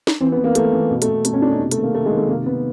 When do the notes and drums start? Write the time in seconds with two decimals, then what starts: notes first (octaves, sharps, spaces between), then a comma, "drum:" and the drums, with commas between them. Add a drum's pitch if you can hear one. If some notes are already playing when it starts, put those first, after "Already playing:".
0.07 drum: snare
0.20 E3 C4
0.32 B3
0.38 E3
0.44 A#3
0.55 E3 A3, drum: hi-hat
0.73 E3
0.90 B2
1.02 A3, drum: hi-hat
1.08 B2
1.25 B2 A3, drum: hi-hat
1.33 C#4
1.42 B2 D4
1.51 D#4
1.59 C3
1.71 A3, drum: hi-hat
1.77 D#3
1.83 A#3
1.94 D#3 A3
2.06 G#3
2.11 D#3
2.18 A3
2.28 C3 A#3
2.46 C3 B3